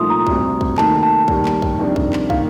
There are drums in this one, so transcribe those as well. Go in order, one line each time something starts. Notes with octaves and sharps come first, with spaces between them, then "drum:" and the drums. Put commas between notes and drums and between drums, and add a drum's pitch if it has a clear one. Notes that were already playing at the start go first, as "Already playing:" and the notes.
Already playing: C2 A#2 F3 A3 D#4 C6 D#6
A#5
D2 C3 G3, drum: kick
drum: kick
D#2 D#3 A3 D#4 A5, drum: clap
A5
D#2 D#3 G3, drum: kick
drum: clap
drum: kick
F2 C3 D#3 G3 D4
drum: kick
drum: clap
D#3 A#3 F5, drum: kick